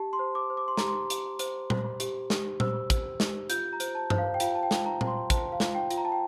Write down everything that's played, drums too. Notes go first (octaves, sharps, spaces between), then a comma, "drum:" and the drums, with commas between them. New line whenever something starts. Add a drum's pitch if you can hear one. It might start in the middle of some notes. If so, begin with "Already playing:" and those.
Already playing: G4 A5
C6
C5
D6
C5
D6
C6
G4 A#5, drum: snare
C6
G4, drum: hi-hat
C5, drum: hi-hat
C5, drum: tom A#2
G4, drum: hi-hat
G4, drum: snare
C5 E6, drum: tom A#2
C5, drum: kick, hi-hat
G4, drum: snare
F4 G6, drum: hi-hat
A#5
C5, drum: hi-hat
A5
C5, drum: tom G2
F5
G5
F4 F5, drum: hi-hat
A5
G5
F4, drum: snare
A#5
C5, drum: tom A#2
C6
C5 A5, drum: kick, hi-hat
F5
F4, drum: snare
G5
F4, drum: hi-hat
A#5
A5
G5